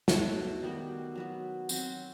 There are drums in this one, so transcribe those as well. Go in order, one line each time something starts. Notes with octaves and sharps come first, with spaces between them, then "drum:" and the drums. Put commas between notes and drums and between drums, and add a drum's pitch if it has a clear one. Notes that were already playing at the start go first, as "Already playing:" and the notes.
B2 F#3 A3 E4, drum: snare
D#3 G3 B3 F#4
F#3 B3 F#4
F#3 C4 F#4, drum: tambourine